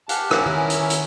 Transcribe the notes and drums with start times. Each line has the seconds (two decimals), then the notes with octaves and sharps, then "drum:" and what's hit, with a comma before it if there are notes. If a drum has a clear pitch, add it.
0.09 G4 F5 F#5 G#5 A5, drum: hi-hat
0.31 C#4 E4 G4 A#4 F#5, drum: rim click
0.46 D#3 B3
0.70 drum: hi-hat
0.90 drum: hi-hat